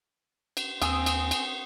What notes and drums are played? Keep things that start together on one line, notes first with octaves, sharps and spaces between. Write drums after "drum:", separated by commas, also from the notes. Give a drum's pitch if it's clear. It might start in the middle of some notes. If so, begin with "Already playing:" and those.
drum: cymbal
D#2 C4 F5 G#5 D#6 E6, drum: cymbal
drum: cymbal
drum: cymbal